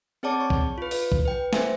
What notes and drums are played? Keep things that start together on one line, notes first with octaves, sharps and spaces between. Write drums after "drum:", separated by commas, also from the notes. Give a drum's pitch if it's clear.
C4 G#4 C#5 D5 A5 D6
C#6
drum: kick
F4 B4
drum: open hi-hat
drum: kick
B4 G5
C5 E5 G#5, drum: snare